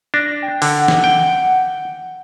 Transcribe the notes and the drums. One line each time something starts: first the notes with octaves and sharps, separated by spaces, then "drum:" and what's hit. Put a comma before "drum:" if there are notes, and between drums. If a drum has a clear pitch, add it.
D4 A#6
G5
D3 F#5, drum: open hi-hat
drum: snare
G5